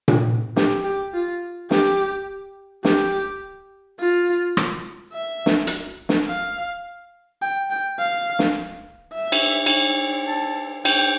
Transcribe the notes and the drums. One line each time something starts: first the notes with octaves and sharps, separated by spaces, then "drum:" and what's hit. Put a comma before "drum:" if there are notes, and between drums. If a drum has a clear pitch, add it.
drum: tom A#2
G4, drum: snare
G4
F4
G4, drum: snare
G4, drum: snare
F4
drum: rim click
E5
drum: snare
drum: hi-hat
drum: snare
F5
G5
G5
F5
drum: snare
E5
drum: cymbal
drum: cymbal
A5
G5, drum: cymbal